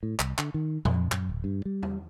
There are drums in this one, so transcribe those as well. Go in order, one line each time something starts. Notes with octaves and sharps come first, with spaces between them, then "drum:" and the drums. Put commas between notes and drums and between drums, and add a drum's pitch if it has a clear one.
A2
C2, drum: clap
D3, drum: clap
D#3
F2, drum: tom A#2
F#2, drum: clap
D1
G2
G3
drum: tom E2